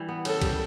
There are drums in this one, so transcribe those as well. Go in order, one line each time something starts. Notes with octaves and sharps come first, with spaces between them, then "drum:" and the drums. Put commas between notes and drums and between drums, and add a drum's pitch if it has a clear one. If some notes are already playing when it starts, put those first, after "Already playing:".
Already playing: E3 G3
B3
C#3 A4, drum: cymbal
G3, drum: kick B1, cymbal